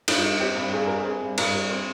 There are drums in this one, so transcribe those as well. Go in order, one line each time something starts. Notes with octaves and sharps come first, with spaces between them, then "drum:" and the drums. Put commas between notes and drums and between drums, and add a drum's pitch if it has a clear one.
G2 D#4, drum: cymbal
F4
G3 D#4
C4 G4
G2
G2 G#4
G3 A#4
G#4
C4
G2
G2 A#4, drum: cymbal
G3
C4 C5